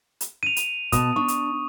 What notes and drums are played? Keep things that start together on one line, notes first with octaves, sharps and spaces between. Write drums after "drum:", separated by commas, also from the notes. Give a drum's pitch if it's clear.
drum: hi-hat
D#7 F7
drum: hi-hat
B2 A5 D#6, drum: kick, hi-hat
D4 C#6
drum: hi-hat